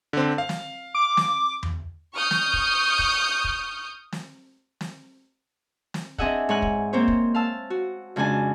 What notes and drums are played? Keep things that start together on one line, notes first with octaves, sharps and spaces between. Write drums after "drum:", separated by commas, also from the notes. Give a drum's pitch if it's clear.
D3 C4
F5
drum: snare
D6
drum: snare
drum: tom E2
C#6 D#6 F6 G6
drum: snare
drum: kick
drum: kick
drum: kick
drum: snare
drum: snare
drum: snare
C4 D4 G#4 D#5 E5 F#5, drum: kick
G#2 C#5 G#5 F#6
drum: kick
A#3 C4 C5 C#5
drum: kick
F5 A5 E6
F#4
F2 C#3 G#3 D4 G#5 A5